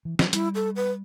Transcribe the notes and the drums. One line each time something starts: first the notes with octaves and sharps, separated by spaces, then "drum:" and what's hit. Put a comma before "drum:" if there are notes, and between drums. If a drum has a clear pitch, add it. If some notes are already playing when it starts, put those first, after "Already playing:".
E3
F#3, drum: snare
G3 E4, drum: hi-hat
A4
B4